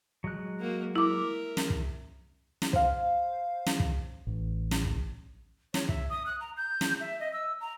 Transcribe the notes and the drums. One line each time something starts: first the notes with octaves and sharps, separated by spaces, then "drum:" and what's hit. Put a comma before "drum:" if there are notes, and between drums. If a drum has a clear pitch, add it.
F#3 G#3 F#6
A#3 F#4
E4 A#4 E5 D6
drum: snare
drum: kick
drum: snare
C5 F5, drum: kick
drum: snare
drum: kick
A1
drum: snare
drum: kick
C#5, drum: snare
E5, drum: kick
D#6
F#6
A#5
G6
drum: snare
E5
D#5
E6
A#5